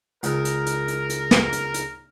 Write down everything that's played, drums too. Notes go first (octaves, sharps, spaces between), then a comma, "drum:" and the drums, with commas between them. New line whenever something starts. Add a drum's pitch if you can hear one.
C#2 A#4, drum: hi-hat
drum: hi-hat
drum: hi-hat
drum: hi-hat
drum: hi-hat
drum: snare
drum: hi-hat
drum: hi-hat